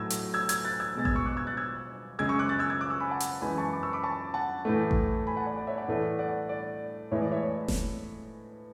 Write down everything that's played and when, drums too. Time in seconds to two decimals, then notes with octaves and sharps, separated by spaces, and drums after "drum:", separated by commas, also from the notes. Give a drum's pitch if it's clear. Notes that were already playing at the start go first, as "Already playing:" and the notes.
Already playing: A2 F#3 A3 E6 G#6
0.10 drum: hi-hat
0.34 E6 G#6
0.49 E6 G#6, drum: hi-hat
0.65 F#6 A6
0.80 E6 G#6
0.95 B2 G#3 A6
1.05 E6 G#6, drum: kick A1
1.16 C#6 E6
1.26 D6 F#6
1.37 E6 G#6
1.47 F#6 A6
1.57 E6 G#6
2.19 F#2 C#3 G#3 E6 G#6
2.29 C#6 E6
2.39 D6 F#6
2.49 F#6 A6
2.59 E6 G#6
2.70 E6 G#6
2.80 D6 F#6
2.90 C#6 E6
3.00 G#5 B5
3.11 F#5 A5
3.20 drum: hi-hat
3.41 F#2 E3 G#3 G#5 B5
3.58 A5 C#6
3.73 B5 D6
3.83 C#6 E6
3.93 B5 D6
4.03 A5 C#6
4.34 F#5 A5
4.65 A2 E3 A3
4.91 drum: kick A1
5.27 G#5 B5
5.36 F#5 A5
5.47 D5 F#5
5.57 D5
5.67 C#5 E5
5.77 D5 F#5
5.88 A2 E3 A3
6.19 D5 F#5
6.49 D5
7.11 A2 E3 G#3 C#5 E5
7.22 D5
7.31 C#5 E5
7.43 C#5
7.68 drum: snare F1